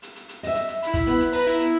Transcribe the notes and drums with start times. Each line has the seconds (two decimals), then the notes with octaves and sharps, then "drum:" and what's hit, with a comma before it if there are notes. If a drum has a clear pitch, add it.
0.02 drum: hi-hat
0.15 drum: hi-hat
0.28 drum: hi-hat
0.43 D#5 E5, drum: hi-hat
0.54 drum: hi-hat
0.67 drum: hi-hat
0.82 E4 B5, drum: hi-hat
0.94 drum: kick, hi-hat
1.07 B3, drum: hi-hat
1.20 drum: hi-hat
1.32 B4 A#5 B5, drum: hi-hat
1.46 E4, drum: hi-hat
1.59 drum: hi-hat